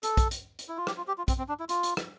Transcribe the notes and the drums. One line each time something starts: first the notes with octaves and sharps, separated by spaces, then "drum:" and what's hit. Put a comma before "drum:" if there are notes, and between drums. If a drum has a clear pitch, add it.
A4, drum: hi-hat
drum: kick, hi-hat
drum: hi-hat
drum: hi-hat
E4
F4
G4, drum: rim click
F4
G4
F4
C4, drum: kick, hi-hat
C4
D4
E4
F4, drum: hi-hat
drum: hi-hat
drum: rim click